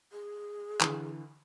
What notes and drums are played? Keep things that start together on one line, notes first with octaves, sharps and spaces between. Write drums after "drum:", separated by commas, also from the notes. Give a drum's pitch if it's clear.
G#4
D3 E3, drum: clap